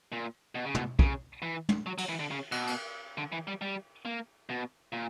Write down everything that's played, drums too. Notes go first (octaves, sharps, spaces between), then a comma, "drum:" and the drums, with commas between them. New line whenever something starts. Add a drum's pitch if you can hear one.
A#2
B2
C#3
B2, drum: tom
C#3, drum: kick
E3
drum: tom
F#3
F#3, drum: cymbal
E3
D3
C#3
B2, drum: cymbal
drum: cymbal
D3
E3
G3
G3
A#3
B2
A#2